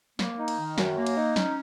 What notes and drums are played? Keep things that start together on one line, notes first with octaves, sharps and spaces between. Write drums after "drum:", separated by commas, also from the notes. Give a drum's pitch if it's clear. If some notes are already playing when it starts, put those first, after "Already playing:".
A#3, drum: snare
D#4
drum: cymbal
D#3
F#2, drum: snare
A#3
drum: cymbal
D#4
C#4, drum: snare